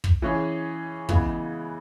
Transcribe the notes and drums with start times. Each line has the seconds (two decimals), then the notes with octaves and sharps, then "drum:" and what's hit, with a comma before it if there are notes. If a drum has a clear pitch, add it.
0.04 drum: kick
0.22 E3 C#4 G#4
1.09 C#3 E3 G#3 B3, drum: kick